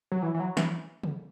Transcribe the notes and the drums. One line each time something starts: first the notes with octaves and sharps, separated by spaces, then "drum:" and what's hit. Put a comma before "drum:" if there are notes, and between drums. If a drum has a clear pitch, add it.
F#3
E3
E3
F#3
E3, drum: snare
drum: tom C#3